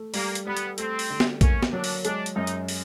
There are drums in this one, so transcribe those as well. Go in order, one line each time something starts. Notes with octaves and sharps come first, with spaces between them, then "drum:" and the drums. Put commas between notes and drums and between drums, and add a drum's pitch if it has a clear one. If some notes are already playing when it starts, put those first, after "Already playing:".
Already playing: A3
G3 A#3, drum: open hi-hat
drum: hi-hat
G3 B3
drum: hi-hat
A3 C4, drum: hi-hat
drum: open hi-hat
D3
drum: snare
A#3 C#4, drum: kick, hi-hat
drum: snare
F#3 D4
drum: open hi-hat
G#3 D4, drum: hi-hat
drum: hi-hat
F#2 D#4
drum: hi-hat
drum: open hi-hat